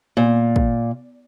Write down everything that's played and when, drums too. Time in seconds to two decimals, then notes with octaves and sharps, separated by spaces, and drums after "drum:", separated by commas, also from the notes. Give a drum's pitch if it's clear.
0.17 A#2
0.56 drum: kick